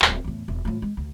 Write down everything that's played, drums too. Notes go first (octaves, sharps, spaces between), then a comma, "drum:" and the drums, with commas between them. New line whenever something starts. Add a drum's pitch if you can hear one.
D1, drum: clap
E2 A2
E1
A2 F3
G#3
D2